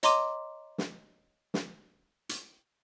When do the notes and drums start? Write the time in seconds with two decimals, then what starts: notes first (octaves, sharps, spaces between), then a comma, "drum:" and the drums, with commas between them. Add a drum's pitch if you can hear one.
0.03 C#5 D#5 A#5 C6 D6 D#7, drum: hi-hat
0.78 drum: snare
1.54 drum: snare
2.29 drum: hi-hat